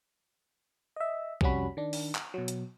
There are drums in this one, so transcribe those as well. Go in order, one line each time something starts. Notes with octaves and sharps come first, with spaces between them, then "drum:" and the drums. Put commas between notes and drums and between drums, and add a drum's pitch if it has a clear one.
D#5 E5
C2 F2 G3 C#4 F#4 B5, drum: kick B1
D#3 D4
drum: open hi-hat
drum: clap
B2 F#3
drum: hi-hat